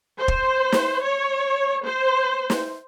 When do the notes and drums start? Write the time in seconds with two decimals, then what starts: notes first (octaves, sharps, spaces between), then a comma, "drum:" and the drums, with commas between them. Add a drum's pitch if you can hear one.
0.17 C5
0.28 drum: kick
0.72 drum: snare
1.01 C#5
1.83 C5
2.50 drum: snare